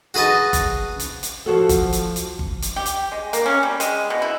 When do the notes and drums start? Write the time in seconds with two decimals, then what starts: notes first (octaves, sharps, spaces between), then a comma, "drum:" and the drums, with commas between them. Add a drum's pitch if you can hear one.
0.14 F#4 G#4 B4 D#5 A5
0.53 drum: kick G1, hi-hat
1.00 drum: hi-hat
1.23 drum: hi-hat
1.46 F3 F#4 A4
1.69 drum: kick G1, hi-hat
1.93 drum: hi-hat
2.16 drum: hi-hat
2.39 drum: kick G1
2.62 drum: hi-hat
2.76 G4
2.86 drum: hi-hat
3.12 G#3
3.33 A#3, drum: hi-hat
3.46 C#4
3.63 G3
3.80 G#3, drum: hi-hat
4.10 B2
4.22 E4